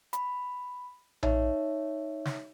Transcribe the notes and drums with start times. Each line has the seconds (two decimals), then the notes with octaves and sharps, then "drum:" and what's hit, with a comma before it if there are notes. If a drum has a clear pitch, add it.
0.13 B5, drum: hi-hat
1.23 D#4 C#5 E5, drum: tom A#1
2.25 drum: snare